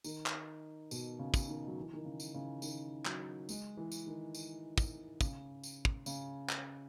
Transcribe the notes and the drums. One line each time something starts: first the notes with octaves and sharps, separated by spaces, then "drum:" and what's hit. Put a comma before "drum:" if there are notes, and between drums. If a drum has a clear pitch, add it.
D#3, drum: tambourine
drum: clap
B2, drum: tambourine
C#3
drum: kick, tambourine
D#3
F#3
E3
D#3
C#3
drum: tambourine
C#3
D#3, drum: tambourine
F#3, drum: clap
G#3, drum: tambourine
E3
drum: tambourine
D#3
drum: tambourine
drum: kick, tambourine
C#3, drum: kick, tambourine
drum: tambourine
drum: kick
C#3, drum: tambourine
drum: clap